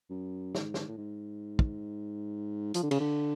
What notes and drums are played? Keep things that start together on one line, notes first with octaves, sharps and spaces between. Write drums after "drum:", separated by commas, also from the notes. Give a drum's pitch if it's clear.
F#2
G#2, drum: snare
drum: snare
A2
G#2
drum: kick
F3, drum: hi-hat
D3
C#3, drum: cymbal
D3